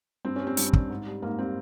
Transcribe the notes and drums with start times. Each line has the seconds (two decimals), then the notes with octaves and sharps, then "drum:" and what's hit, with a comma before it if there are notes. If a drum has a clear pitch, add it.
0.25 G2 C4
0.36 C#4
0.42 G3
0.47 C4
0.57 G2, drum: hi-hat
0.73 G3, drum: kick
0.90 G#2
1.06 G3
1.22 G#2 A#3
1.39 G3 C4